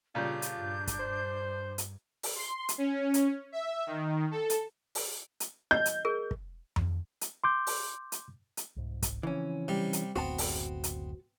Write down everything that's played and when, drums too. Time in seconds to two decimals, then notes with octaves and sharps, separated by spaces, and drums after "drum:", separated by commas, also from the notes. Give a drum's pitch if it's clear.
0.15 A#2 C#3 G3 D4 F4 G6
0.42 drum: hi-hat
0.55 G2
0.87 drum: kick, hi-hat
1.00 G2 C5
1.78 drum: hi-hat
2.23 drum: open hi-hat
2.36 C6
2.69 drum: hi-hat
2.78 C#4
3.14 drum: hi-hat
3.52 E5
3.86 D#3
4.31 A4
4.50 drum: hi-hat
4.95 drum: open hi-hat
5.40 drum: hi-hat
5.71 D#5 G6
5.86 drum: hi-hat
6.05 G#4 A#4
6.31 drum: kick
6.76 drum: tom F2
7.21 drum: hi-hat
7.44 C6 D6 G6
7.67 drum: open hi-hat
8.12 drum: hi-hat
8.57 drum: hi-hat
8.76 C2 G#2
9.02 drum: kick, hi-hat
9.23 C#3 E3 F3 C4 C#4
9.68 C3 G3
9.93 drum: hi-hat
10.16 F#1 D2 A2 B3 C4 F#4 A5
10.38 drum: open hi-hat
10.84 drum: hi-hat